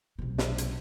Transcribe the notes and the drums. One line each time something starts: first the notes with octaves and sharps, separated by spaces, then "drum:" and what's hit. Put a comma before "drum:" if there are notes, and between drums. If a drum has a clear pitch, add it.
B1 C3
drum: snare
drum: hi-hat